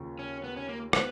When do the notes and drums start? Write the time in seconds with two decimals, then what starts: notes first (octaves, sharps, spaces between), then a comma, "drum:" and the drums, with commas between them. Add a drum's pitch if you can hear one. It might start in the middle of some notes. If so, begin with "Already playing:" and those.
Already playing: D#2 C#3 F3
0.19 C#4
0.44 B3
0.57 C#4
0.68 A#3
0.93 B3, drum: rim click